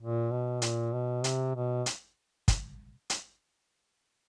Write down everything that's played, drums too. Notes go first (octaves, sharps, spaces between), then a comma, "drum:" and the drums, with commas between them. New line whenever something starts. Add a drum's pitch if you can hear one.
A#2
B2
A#2, drum: hi-hat
B2
C3, drum: hi-hat
B2
drum: hi-hat
drum: kick, hi-hat
drum: hi-hat